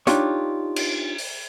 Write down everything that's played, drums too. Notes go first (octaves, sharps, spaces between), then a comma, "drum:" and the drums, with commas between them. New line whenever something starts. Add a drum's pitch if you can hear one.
D4 D#4 F4 G4 C#5, drum: hi-hat
drum: cymbal
drum: open hi-hat